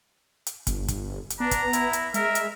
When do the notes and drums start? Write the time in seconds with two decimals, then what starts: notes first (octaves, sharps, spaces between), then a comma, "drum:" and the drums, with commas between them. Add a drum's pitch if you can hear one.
0.46 drum: hi-hat
0.67 G1, drum: kick, hi-hat
0.88 drum: kick, hi-hat
1.30 drum: hi-hat
1.40 B3 D4 A#5
1.51 drum: kick, hi-hat
1.73 E4, drum: hi-hat
1.93 drum: hi-hat
2.14 G#3 A#4 E5, drum: hi-hat
2.35 drum: hi-hat